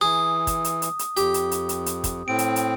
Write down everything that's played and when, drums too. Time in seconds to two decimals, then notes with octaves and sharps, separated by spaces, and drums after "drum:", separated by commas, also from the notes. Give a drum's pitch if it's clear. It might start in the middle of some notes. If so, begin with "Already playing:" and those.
0.01 E3 G#4 D#6
0.47 drum: kick, hi-hat
0.64 drum: hi-hat
0.82 drum: hi-hat
0.99 drum: hi-hat
1.17 F2 G4, drum: hi-hat
1.34 drum: hi-hat
1.51 drum: hi-hat
1.69 drum: hi-hat
1.86 drum: hi-hat
2.04 drum: kick, hi-hat
2.28 A2 C4 D7
2.39 drum: hi-hat
2.56 drum: hi-hat